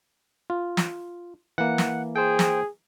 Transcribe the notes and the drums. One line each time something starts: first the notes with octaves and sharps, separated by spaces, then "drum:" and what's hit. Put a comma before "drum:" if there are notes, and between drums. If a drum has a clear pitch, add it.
F4
drum: snare
E3 A#3 F#5
drum: snare
G#4 C5 G5
drum: snare